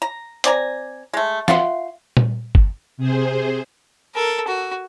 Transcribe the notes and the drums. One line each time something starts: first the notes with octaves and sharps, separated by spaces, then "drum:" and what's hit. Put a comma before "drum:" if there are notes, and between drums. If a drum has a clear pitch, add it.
A#5
C4 D5 G#5 A#5, drum: hi-hat
G#3 A3
F4 E5 F#5 C6, drum: snare
drum: tom A#2
drum: kick G1
C3 G#4 C5
A4 A#4
F#4